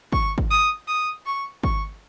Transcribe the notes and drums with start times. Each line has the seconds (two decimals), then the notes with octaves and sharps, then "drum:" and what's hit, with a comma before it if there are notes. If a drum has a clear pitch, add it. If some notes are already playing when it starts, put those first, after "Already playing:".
0.12 C#6, drum: kick G#1
0.38 drum: kick G#1
0.51 D#6
0.88 D#6
1.26 C#6
1.63 C#6, drum: kick G#1